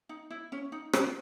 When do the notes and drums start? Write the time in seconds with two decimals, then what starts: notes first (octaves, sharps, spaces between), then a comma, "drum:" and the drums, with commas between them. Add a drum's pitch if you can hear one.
0.09 D#4
0.30 E4
0.52 C#4
0.72 D#4
0.93 drum: rim click